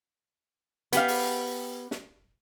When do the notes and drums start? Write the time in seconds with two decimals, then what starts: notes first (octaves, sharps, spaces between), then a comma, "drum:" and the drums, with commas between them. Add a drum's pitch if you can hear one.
0.92 B3 G4 F5, drum: hi-hat
1.08 drum: open hi-hat
1.91 drum: snare